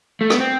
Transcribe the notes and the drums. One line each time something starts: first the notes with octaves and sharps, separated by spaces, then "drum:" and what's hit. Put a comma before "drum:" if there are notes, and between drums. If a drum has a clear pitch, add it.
A3
B3, drum: rim click
C4